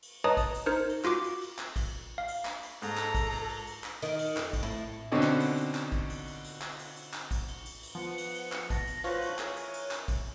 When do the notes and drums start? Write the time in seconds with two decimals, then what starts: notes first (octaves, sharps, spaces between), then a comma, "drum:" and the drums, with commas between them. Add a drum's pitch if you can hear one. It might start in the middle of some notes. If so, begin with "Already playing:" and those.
0.02 drum: cymbal
0.24 B4 C#5 D#5 A5 A#5 D#6
0.37 drum: kick, cymbal
0.54 drum: cymbal
0.66 D#4 A#4 C5
0.89 drum: cymbal
1.05 F4 F#4 D6, drum: clap
1.24 drum: cymbal
1.41 drum: cymbal
1.58 drum: clap
1.76 drum: kick, cymbal
2.18 F5
2.28 drum: cymbal
2.45 drum: clap
2.63 drum: cymbal
2.82 G#2 A4 A#5, drum: cymbal
2.97 drum: clap
3.15 drum: kick, cymbal
3.32 drum: cymbal
3.49 drum: cymbal
3.67 drum: cymbal
3.84 drum: clap
4.02 D#3, drum: cymbal
4.19 drum: cymbal
4.37 F2, drum: clap
4.53 drum: kick, cymbal
4.63 A2
5.12 B2 D3 C4 C#4 D#4
5.23 drum: clap
5.40 drum: cymbal
5.57 drum: cymbal
5.75 drum: clap
5.92 drum: kick
6.09 drum: cymbal
6.27 drum: cymbal
6.44 drum: cymbal
6.61 drum: clap
6.79 drum: cymbal
6.96 drum: cymbal
7.13 drum: clap
7.31 drum: kick, cymbal
7.48 drum: cymbal
7.66 drum: cymbal
7.83 drum: cymbal
7.95 F3 B3 F#5
8.18 drum: cymbal
8.35 drum: cymbal
8.52 drum: clap
8.70 A5 A#6, drum: kick, cymbal
8.87 drum: cymbal
9.04 F3 A3 F4 F#4 B4 C#5, drum: cymbal
9.22 drum: cymbal
9.39 E3 F4 G#4 A#4 G#5, drum: clap
9.56 drum: cymbal
9.74 drum: cymbal
9.91 drum: clap
10.08 drum: kick, cymbal